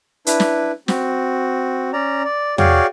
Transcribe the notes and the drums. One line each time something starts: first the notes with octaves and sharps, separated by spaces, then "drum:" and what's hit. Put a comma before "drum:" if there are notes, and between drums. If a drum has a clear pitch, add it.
D4 E4 B4, drum: hi-hat
drum: snare
C4 F#4, drum: snare
C#4 D5 A#5
D5
F#4 G#4 C#5 D5 F5 G5, drum: tom E2